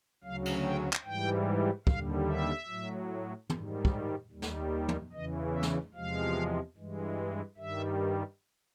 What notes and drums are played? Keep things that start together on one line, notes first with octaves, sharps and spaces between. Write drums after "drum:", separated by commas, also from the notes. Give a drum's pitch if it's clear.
D2 C#3 F#3 F5
drum: cymbal
G5
drum: clap
G#2 E3 G3 G5
D#2 D3 G3 F5, drum: kick
E5
A2 F#3
G#2 D#3 G3, drum: tom
drum: kick
D#2 D#3 G3
drum: snare
drum: tom
E2 C#3 E3 D#5
E5
drum: snare
E2 C3 F3 G#3 F5
G2 E3 G#3
G2 D#3 G3 E5